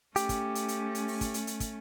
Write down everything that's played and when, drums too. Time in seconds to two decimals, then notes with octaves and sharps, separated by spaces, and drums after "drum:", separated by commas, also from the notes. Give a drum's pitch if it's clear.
0.16 A3 C#4 G4, drum: hi-hat
0.29 drum: kick, hi-hat
0.55 drum: hi-hat
0.68 drum: hi-hat
0.95 drum: hi-hat
1.08 drum: open hi-hat
1.21 drum: kick, hi-hat
1.34 drum: hi-hat
1.47 drum: hi-hat
1.60 drum: kick, hi-hat